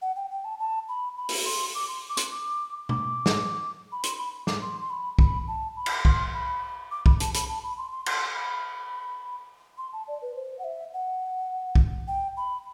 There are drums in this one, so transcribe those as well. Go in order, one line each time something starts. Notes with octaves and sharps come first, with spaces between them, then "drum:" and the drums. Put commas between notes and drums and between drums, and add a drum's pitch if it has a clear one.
F#5
G5
G5
A5
A5
B5
B5
drum: open hi-hat
C6
D6
C6
D6
C6, drum: hi-hat
D6
D6, drum: tom B2
drum: snare
B5
C6, drum: hi-hat
B5
D6, drum: snare
C6
C6
B5
B5, drum: kick B1
A5
B5
drum: cymbal
C6, drum: kick B1
B5
D6
B5, drum: kick B1
A5, drum: hi-hat
B5, drum: hi-hat
A5
B5
C6
C6
C6, drum: cymbal
B5
C6
A5
D5
B4
C5
F#5
E5
F#5
drum: kick B1
G5
B5